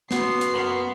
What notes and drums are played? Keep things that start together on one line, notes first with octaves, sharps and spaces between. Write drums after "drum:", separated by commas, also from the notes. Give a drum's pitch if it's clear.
C#3 B3 F#4 C6 C7, drum: snare
drum: hi-hat
F#2 A#3 B3